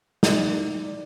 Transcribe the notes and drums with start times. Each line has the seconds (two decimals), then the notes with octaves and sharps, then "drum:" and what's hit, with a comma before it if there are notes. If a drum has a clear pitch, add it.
0.23 D#4 D5, drum: snare